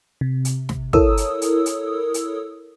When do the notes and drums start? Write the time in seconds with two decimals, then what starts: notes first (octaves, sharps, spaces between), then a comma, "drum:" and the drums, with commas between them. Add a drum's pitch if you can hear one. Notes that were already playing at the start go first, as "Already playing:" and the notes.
0.21 C3
0.45 drum: hi-hat
0.69 drum: snare
0.93 E4 A4 A#4 C#5 D#6 E6, drum: kick
1.17 drum: hi-hat
1.42 drum: hi-hat
1.66 drum: hi-hat
2.14 drum: hi-hat